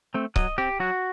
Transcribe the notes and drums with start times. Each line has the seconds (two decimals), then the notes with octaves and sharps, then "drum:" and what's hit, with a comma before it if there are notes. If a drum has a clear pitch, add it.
0.14 A3 C4
0.36 F#3 D#5, drum: kick C#1
0.58 C4 G4
0.80 F#3 F#4